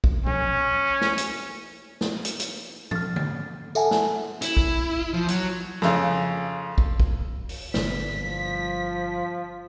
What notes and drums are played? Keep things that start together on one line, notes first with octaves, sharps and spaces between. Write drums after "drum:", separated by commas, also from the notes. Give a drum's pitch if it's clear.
drum: kick
C#4, drum: tom A#2
drum: snare
drum: hi-hat
drum: snare
drum: hi-hat
drum: hi-hat
F6 A6, drum: tom
drum: tom D3
A4 E5 F#5 G#5 A5, drum: tambourine
drum: snare
E4, drum: hi-hat
drum: kick
F3
F#3, drum: hi-hat
F2 C#3, drum: snare
drum: kick
drum: kick
drum: open hi-hat
G1 D#2 G3 B6, drum: snare
F3